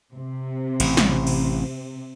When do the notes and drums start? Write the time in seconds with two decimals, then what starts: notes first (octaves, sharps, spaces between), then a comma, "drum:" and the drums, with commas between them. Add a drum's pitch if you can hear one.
0.14 C3
0.80 A1, drum: cymbal
0.97 drum: snare
1.27 drum: cymbal